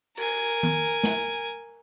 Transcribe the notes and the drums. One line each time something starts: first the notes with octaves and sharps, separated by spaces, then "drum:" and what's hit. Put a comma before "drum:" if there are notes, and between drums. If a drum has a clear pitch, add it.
A#4 G#5, drum: cymbal
drum: tom D#3
drum: snare